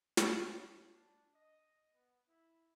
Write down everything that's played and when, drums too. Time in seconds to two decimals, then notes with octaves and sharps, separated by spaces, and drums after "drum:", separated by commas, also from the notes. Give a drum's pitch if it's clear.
0.17 C#5, drum: snare
0.87 D4
1.34 D#5
1.92 B3
2.28 E4